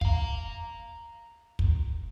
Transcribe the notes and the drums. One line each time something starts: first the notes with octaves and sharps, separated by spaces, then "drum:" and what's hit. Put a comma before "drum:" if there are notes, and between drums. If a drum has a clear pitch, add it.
F5 A#5, drum: kick
drum: kick